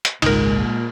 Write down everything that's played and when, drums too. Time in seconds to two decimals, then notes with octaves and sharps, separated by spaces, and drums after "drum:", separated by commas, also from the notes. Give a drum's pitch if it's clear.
0.05 drum: hi-hat
0.22 G#1 C#2 A#2 G#3 D#4 A#4, drum: cymbal